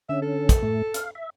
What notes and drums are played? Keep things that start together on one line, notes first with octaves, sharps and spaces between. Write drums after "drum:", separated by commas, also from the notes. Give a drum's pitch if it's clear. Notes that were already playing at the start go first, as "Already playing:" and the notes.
D3 C#4 E5
A4
drum: kick, hi-hat
A2 A3
F5, drum: hi-hat
E5